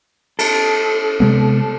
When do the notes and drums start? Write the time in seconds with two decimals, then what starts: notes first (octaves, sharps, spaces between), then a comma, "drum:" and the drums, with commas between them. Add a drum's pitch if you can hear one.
0.39 A4, drum: cymbal
1.20 C3 G#3 B3